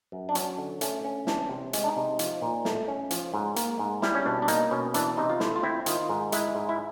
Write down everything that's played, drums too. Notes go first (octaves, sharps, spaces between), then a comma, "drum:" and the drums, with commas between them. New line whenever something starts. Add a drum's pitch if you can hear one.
F#2
D4
F#3 C#4, drum: hi-hat
D3
A3 C#4, drum: hi-hat
C#4
E3 D4, drum: snare
C3
G#3, drum: hi-hat
D4
D#4
C3
F3, drum: hi-hat
A#2
A3, drum: snare
C#4
F3, drum: hi-hat
G#2
A#3, drum: hi-hat
G#2
G3 E4, drum: snare
C#4
B2 D4
D4
A#3 D#4, drum: hi-hat
B2 C#4
E3 D4, drum: hi-hat
C3 D#4
F4
A3 E4, drum: snare
F4
C4 E4
D#3 F4, drum: hi-hat
G#2
G#3 E4, drum: hi-hat
G#2
E4